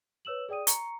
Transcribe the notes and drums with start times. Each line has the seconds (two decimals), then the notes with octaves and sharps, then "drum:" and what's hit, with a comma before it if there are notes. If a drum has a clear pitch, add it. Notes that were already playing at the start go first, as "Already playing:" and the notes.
0.25 B4 C#5 E6 E7 F#7
0.49 G#4 D5 G5 D#6 D#7
0.67 A#5 C#6 C#7, drum: hi-hat